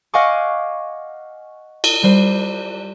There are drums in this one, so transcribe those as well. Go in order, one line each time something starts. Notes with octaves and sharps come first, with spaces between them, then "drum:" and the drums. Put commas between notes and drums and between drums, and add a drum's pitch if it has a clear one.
D#5 F5 F#5 G#5 C#6 D6
drum: cymbal
G3 C5